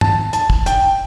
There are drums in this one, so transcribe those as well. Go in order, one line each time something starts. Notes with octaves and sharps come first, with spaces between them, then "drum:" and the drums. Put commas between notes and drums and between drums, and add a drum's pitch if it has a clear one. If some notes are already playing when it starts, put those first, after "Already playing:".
A5, drum: tom G2
A5, drum: hi-hat
drum: kick
G5, drum: hi-hat